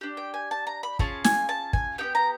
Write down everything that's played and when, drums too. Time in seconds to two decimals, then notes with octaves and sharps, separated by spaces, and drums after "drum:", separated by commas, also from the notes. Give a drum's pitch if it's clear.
0.01 D4 G4
0.17 G5
0.34 G#5
0.51 A5
0.67 A#5
0.83 B5
0.99 C#4 F4 G#4 A5, drum: kick
1.24 G#5, drum: snare
1.49 A5
1.73 G#5, drum: kick
1.98 B3 D#4 G4 G5
2.15 A#5